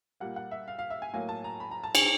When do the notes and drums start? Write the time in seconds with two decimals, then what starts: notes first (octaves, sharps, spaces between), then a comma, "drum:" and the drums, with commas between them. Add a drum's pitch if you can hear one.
0.20 A#2 G3 A#3 F#5
0.36 F#5
0.51 E5
0.68 F5
0.79 F5
0.90 E5
1.02 G#5
1.14 A2 F#3 A#3 G#5
1.29 A5
1.44 A#5
1.60 B5
1.71 A#5
1.84 A5
1.95 G#5, drum: cymbal